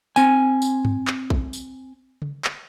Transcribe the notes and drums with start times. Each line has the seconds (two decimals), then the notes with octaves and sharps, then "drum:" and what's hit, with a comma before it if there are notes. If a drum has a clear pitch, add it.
0.16 C4 G#5, drum: tambourine
0.62 drum: tambourine
0.85 drum: tom G2
1.07 drum: clap
1.30 drum: kick
1.53 drum: tambourine
2.22 drum: tom C#3
2.45 drum: clap